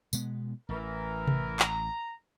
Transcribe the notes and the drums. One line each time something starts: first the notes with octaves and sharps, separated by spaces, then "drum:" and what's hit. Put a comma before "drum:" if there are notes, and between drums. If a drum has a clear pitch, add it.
B2 G#3 B3, drum: tambourine
A1 E3 A#4
drum: tom C3
A#5, drum: clap